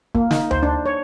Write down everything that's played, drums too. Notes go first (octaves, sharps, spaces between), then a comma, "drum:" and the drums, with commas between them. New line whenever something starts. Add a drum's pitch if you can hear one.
A#3, drum: kick
D#4, drum: snare
C5, drum: tom D2
D4
C#5